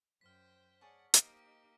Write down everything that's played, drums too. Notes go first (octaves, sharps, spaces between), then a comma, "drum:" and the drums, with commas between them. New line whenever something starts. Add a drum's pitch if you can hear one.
F#2 C5 G5 F6 B6
G#4 C#5 D5 F#5 A5 C#6
A#3 D#4 G4 C5 D#5 D6 F6 D7, drum: hi-hat